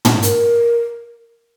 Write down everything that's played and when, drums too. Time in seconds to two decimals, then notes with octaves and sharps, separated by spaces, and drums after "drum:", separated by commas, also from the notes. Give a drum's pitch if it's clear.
0.05 drum: tom
0.22 A#4, drum: hi-hat